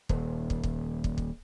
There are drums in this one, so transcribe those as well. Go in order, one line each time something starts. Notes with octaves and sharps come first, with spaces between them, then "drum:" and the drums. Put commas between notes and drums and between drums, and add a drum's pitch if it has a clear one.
D#1, drum: kick
drum: kick
drum: kick
drum: kick
drum: kick